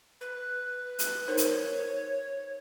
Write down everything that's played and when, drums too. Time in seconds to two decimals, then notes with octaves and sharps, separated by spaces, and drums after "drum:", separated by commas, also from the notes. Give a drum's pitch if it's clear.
0.21 B4
0.99 drum: hi-hat
1.28 D#4 A#4 C5 C#5
1.37 drum: hi-hat